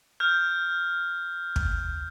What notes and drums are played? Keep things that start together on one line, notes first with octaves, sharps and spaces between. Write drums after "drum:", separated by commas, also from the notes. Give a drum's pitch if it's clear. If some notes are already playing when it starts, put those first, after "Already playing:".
F6 G6
drum: kick